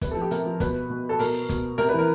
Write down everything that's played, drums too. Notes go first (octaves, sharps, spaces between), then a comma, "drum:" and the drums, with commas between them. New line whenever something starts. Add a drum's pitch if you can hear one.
C3 B4, drum: kick, hi-hat
A4
F3
G4
C3 A#4, drum: hi-hat
F3
B2 B4, drum: kick, hi-hat
B2
A4
B2 A#4, drum: open hi-hat
B2, drum: kick, hi-hat
C3 A#4, drum: hi-hat
B4
E3
A#4